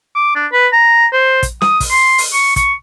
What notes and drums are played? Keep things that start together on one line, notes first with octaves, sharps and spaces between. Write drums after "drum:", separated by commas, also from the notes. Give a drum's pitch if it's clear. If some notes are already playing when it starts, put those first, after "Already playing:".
D6
D4
B4
A#5
C5
drum: kick, hi-hat
D#6, drum: snare
drum: kick, open hi-hat
C6
drum: open hi-hat
C#6
C#6, drum: kick, hi-hat